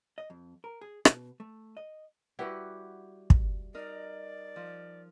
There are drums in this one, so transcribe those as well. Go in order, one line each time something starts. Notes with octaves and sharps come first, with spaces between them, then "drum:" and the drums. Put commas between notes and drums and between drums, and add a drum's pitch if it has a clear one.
D#5
F2
A#4
G#4
B2, drum: rim click
A3
D#5
G3 E4 F#4 G4 B4 F#5
drum: kick
D#4 A#4 D5
F3